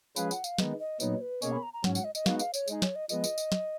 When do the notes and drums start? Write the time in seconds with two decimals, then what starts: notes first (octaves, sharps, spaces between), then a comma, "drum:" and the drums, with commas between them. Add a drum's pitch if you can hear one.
0.16 F3 G#3 C#4 G#4 B4 F5, drum: tambourine
0.31 F#5, drum: tambourine
0.44 F5, drum: tambourine
0.58 D#3 G#3 B3 D#4, drum: snare
0.80 D#5
1.00 A#2 F#3 B3 D#4 C#5, drum: tambourine
1.21 B4
1.42 B2 A#3 C#4 G#4 C#5 D#5, drum: tambourine
1.52 B5
1.63 A#5
1.73 A#5
1.84 G#2 F#3 C#4 F#5, drum: snare
1.95 F#5, drum: tambourine
2.04 D#5
2.15 D#5, drum: tambourine
2.26 G#3 B3 D#4 F#4 F5, drum: snare
2.39 F5, drum: tambourine
2.54 C#5, drum: tambourine
2.68 G#3 D#4 G#4, drum: tambourine
2.82 C#5, drum: snare
2.96 D#5
3.09 F3 G#3 B3 D#5, drum: tambourine
3.24 drum: tambourine
3.38 drum: tambourine
3.52 drum: snare